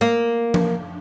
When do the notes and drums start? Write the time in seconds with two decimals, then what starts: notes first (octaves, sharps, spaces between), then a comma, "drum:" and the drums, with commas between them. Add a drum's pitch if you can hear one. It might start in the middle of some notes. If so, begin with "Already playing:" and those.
0.01 A#3
0.54 drum: tom F3